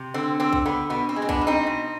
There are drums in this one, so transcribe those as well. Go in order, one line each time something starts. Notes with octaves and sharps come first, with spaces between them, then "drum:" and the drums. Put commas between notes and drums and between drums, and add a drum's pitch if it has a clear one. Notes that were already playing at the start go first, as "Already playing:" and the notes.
Already playing: C3
D3 C4
D3 C4
drum: kick B1
D3 B3
B2 B3
C4
G#3
C4
B3 D4, drum: kick B1
B2
C4 D#4
B2